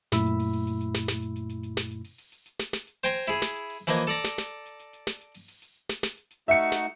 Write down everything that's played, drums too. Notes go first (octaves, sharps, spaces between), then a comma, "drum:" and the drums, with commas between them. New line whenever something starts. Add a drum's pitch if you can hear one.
F#2 A#2 A3 E4 B5 E6, drum: snare
drum: hi-hat
drum: open hi-hat
drum: open hi-hat
drum: hi-hat
drum: hi-hat
drum: snare
drum: snare
drum: hi-hat
drum: hi-hat
drum: hi-hat
drum: hi-hat
drum: snare
drum: hi-hat
drum: open hi-hat
drum: open hi-hat
drum: hi-hat
drum: hi-hat
drum: snare
drum: snare
drum: hi-hat
C5 G5 G#5 A#5 C6, drum: hi-hat
drum: hi-hat
E4 G#4, drum: hi-hat
drum: snare
drum: hi-hat
drum: open hi-hat
E3 F3 A#3 D#5 G#5
drum: hi-hat
A4 D5 A#5
drum: snare
drum: snare
drum: hi-hat
drum: hi-hat
drum: hi-hat
drum: snare
drum: hi-hat
drum: open hi-hat
drum: open hi-hat
drum: hi-hat
drum: snare
drum: snare
drum: hi-hat
drum: hi-hat
A3 D#4 F#4 E5 C#7
drum: snare